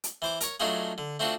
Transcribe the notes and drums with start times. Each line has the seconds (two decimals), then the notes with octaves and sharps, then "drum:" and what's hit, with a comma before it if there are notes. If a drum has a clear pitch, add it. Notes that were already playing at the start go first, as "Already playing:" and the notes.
0.04 drum: hi-hat
0.22 E3 C5 D6
0.41 A#4 C#5, drum: hi-hat
0.60 F#3 A3 D4 D#4 F4 G#4
0.98 D3
1.20 A3 C4 D4 F4 F#4